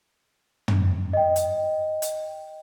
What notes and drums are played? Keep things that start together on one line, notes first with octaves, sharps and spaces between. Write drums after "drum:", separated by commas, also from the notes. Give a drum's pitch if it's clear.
drum: tom
D#5 G5
drum: hi-hat
drum: hi-hat